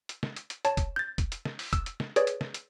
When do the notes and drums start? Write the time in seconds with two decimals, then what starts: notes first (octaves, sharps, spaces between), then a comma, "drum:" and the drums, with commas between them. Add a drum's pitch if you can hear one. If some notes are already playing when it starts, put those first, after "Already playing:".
0.09 drum: hi-hat
0.23 drum: snare
0.36 drum: hi-hat
0.50 drum: hi-hat
0.65 C#5 A5, drum: hi-hat
0.77 drum: kick F1, hi-hat
0.96 G6 A6
1.18 drum: kick F1, hi-hat
1.32 drum: hi-hat
1.45 drum: snare
1.59 drum: open hi-hat
1.73 E6, drum: kick F1, hi-hat
1.86 drum: hi-hat
2.00 drum: snare
2.16 G#4 B4 C#5 D5, drum: hi-hat
2.27 drum: hi-hat
2.41 drum: snare
2.54 drum: hi-hat